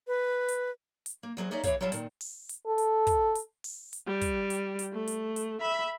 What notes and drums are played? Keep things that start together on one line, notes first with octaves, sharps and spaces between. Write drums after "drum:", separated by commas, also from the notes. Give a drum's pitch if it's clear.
B4
drum: hi-hat
drum: hi-hat
A#3
E2 F#3 G#4 C5
A#3 C#4 D#4 G#4 D5 E5
E3 E4 G#4 C#5 F5, drum: kick, hi-hat
F#3 G3 E4 F4 F5 A5
A#2 D#3, drum: hi-hat
drum: open hi-hat
drum: hi-hat
A4
drum: hi-hat
drum: kick, hi-hat
drum: hi-hat
drum: open hi-hat
drum: hi-hat
G3
drum: kick, hi-hat
drum: hi-hat
drum: hi-hat
A3
drum: hi-hat
drum: hi-hat
E5 B5